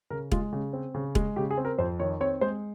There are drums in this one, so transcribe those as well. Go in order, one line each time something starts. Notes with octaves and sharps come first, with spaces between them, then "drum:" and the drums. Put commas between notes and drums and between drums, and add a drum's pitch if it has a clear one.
C#3 A#4
G#3 F4, drum: kick E1
C#3
C4
C#3
G#3, drum: kick E1
C#3 G4
G#4
C4
A#4
F2 C5
D#3 C#5
C4 C#5
G#3 C5